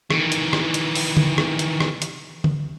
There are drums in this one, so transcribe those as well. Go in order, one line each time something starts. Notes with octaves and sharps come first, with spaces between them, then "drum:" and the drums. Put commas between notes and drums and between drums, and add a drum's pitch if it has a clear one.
D#3 E3, drum: rim click
drum: hi-hat
drum: rim click
drum: hi-hat
drum: open hi-hat
drum: tom D3
drum: rim click
drum: hi-hat
drum: rim click
drum: hi-hat
drum: tom D3